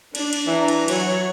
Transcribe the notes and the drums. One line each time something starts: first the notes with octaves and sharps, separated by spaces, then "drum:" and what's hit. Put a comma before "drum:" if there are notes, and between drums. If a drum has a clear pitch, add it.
D4, drum: cymbal
drum: cymbal
E3 D4 A#5
drum: cymbal
F#3 C#5, drum: cymbal